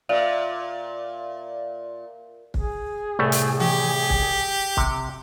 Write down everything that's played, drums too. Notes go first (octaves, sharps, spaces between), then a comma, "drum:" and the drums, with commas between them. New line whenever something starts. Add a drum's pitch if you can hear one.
A#2 D5 E5 F5
G#4, drum: kick
C2 A2 A3
drum: hi-hat
G4, drum: tom E3
drum: kick
C3 F#5, drum: kick